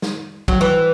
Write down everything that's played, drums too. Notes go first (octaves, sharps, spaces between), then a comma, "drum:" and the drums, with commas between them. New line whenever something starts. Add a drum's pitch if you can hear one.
drum: snare
F#3, drum: kick
E3